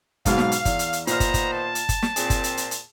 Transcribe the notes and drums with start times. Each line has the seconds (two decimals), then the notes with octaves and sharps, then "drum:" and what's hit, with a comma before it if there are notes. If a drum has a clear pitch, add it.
0.25 B1 G#2 B2 F5, drum: kick, hi-hat
0.38 drum: snare
0.52 drum: hi-hat
0.65 E2, drum: kick, hi-hat
0.79 drum: hi-hat
0.93 drum: hi-hat
1.07 A#2 D#3 B3 C5 A#5 F6, drum: hi-hat
1.20 drum: kick, hi-hat
1.34 drum: kick, hi-hat
1.53 A5
1.75 drum: hi-hat
1.89 drum: kick, hi-hat
2.02 drum: snare
2.16 A#2 C4 G#4, drum: hi-hat
2.30 drum: kick, hi-hat
2.44 drum: hi-hat
2.57 drum: hi-hat
2.71 drum: hi-hat